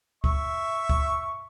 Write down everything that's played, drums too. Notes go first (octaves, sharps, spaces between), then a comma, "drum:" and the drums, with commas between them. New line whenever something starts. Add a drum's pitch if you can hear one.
E5 C#6, drum: kick
drum: kick